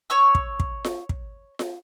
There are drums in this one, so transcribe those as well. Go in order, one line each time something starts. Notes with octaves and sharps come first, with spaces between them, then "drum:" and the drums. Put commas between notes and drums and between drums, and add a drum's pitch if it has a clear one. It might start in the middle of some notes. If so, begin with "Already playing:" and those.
C#5 C#6 E6
drum: kick
drum: kick
drum: snare F4
drum: kick
drum: snare F4